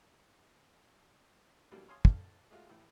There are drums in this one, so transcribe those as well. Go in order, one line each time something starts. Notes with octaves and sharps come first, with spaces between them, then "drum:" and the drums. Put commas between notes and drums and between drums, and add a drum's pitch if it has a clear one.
B2 D3 E3 F#3 G3 A#3
C#5 F5 G#5 C6 D#6
A4 D5 F5, drum: kick
G#3 A3 F4 F#4
A2 E3